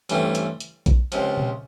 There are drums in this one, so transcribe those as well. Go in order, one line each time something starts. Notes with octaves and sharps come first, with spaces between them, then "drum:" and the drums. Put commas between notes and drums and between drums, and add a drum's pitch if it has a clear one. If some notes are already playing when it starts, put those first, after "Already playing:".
A1 G2 E3 A3 C4, drum: hi-hat
drum: hi-hat
drum: hi-hat
drum: kick A#1, hi-hat
C#2 C3 F3, drum: hi-hat
drum: tom A#2